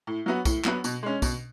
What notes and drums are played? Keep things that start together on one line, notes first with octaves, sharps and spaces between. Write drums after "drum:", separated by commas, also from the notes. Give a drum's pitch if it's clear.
A2
F#3 B3 F#4
A2, drum: kick B1, tambourine
F#3 B3 F#4, drum: clap
B2, drum: tambourine
G#3 C#4
B2, drum: kick B1, tambourine